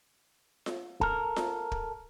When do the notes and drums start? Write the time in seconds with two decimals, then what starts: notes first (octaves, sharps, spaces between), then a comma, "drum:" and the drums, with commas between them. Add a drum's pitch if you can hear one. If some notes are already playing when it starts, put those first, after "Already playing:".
0.66 drum: snare F4
1.01 A4 A#4, drum: kick
1.36 drum: snare F4
1.72 drum: kick